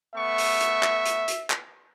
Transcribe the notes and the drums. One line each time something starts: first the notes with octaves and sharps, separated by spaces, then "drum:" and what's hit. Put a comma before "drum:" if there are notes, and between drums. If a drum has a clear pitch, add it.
A3 B3 E5 C#6
drum: open hi-hat
drum: hi-hat
drum: clap
drum: hi-hat
drum: hi-hat
drum: clap